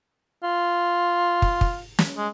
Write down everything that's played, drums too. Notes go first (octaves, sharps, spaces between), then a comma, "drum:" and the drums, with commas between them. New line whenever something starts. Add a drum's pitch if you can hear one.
F4
drum: kick
drum: kick
drum: snare
G#3